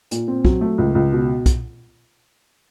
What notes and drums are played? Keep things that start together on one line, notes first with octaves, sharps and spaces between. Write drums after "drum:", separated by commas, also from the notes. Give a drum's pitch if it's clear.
A#2, drum: hi-hat
C4
F#3, drum: kick
A3
C#2
C#2
B2
drum: kick, hi-hat